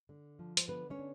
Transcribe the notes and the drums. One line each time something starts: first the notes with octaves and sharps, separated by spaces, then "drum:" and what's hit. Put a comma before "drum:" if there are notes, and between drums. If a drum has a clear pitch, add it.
D3
F3
C5, drum: hi-hat
D3 B3 B4
C#4 C#5
D4